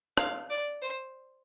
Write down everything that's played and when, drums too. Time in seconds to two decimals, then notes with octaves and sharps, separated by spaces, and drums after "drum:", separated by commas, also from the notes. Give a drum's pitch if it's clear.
0.17 F5, drum: rim click
0.50 D5
0.82 C5